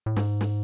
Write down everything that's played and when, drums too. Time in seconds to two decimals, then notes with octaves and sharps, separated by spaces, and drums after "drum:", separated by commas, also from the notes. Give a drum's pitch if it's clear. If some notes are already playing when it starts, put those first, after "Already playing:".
0.06 A2
0.16 G#2, drum: snare
0.41 drum: snare